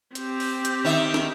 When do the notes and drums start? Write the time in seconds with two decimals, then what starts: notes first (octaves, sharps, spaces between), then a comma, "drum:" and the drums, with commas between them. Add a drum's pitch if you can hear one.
0.15 C4 G4, drum: hi-hat
0.40 drum: open hi-hat
0.65 drum: hi-hat
0.85 D#3 D#4 E5
1.14 drum: snare